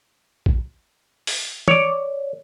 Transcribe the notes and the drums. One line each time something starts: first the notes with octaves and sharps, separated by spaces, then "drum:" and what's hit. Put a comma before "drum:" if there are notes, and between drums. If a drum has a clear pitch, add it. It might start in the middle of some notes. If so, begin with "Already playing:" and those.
drum: kick A1
drum: open hi-hat
C#5 D5, drum: tom